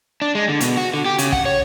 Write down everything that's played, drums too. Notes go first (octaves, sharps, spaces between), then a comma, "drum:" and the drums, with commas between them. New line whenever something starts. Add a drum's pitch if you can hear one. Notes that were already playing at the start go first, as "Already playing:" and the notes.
D4
G#3
D3
B2, drum: hi-hat
F#4
D3
G4
C#3, drum: hi-hat
F#5, drum: kick
C#5